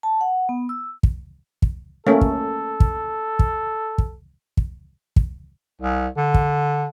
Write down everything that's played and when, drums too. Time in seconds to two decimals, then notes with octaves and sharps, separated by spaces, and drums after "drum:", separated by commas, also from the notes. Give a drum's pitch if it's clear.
0.03 A5
0.21 F#5
0.49 B3
0.69 E6
1.03 drum: kick
1.62 drum: kick
2.07 A3 A#3 C#4 A4
2.21 drum: kick
2.80 drum: kick
3.39 drum: kick
3.98 drum: kick
4.57 drum: kick
5.16 drum: kick
5.81 C2
6.17 D3
6.34 drum: kick